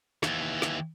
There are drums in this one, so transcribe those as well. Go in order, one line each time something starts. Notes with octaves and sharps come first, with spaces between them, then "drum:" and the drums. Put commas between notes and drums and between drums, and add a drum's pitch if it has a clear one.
D#2 E3, drum: snare
drum: snare